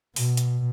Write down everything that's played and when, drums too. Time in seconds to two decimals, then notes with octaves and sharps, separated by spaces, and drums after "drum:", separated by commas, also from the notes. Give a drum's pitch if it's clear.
0.16 B2, drum: open hi-hat
0.37 drum: hi-hat